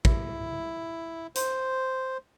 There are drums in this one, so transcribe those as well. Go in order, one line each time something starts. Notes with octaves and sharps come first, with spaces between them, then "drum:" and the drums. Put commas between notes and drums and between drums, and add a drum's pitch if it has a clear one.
E4, drum: kick
C5, drum: hi-hat